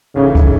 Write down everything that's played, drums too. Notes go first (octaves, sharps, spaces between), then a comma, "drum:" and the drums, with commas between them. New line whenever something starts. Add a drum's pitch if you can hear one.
A1 G#2 C#3 E3 A3 C#4
drum: kick